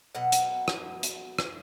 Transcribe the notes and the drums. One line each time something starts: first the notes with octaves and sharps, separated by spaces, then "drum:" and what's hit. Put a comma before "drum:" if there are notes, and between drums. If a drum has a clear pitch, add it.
B2 F#3 F#5
drum: hi-hat
drum: rim click
drum: hi-hat
drum: rim click